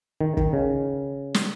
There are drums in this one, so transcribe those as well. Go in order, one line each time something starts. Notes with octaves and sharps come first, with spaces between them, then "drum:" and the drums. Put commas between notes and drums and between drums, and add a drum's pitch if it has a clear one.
D#3
D#3, drum: kick
C#3
drum: snare